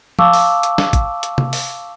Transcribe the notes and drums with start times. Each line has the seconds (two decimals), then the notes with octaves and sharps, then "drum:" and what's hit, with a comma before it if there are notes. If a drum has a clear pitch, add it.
0.19 F5 A5 C#6 D6 E6, drum: tom F3
0.34 drum: open hi-hat
0.63 drum: hi-hat
0.78 drum: snare
0.93 drum: kick, hi-hat
1.23 drum: hi-hat
1.38 drum: tom C3
1.53 drum: open hi-hat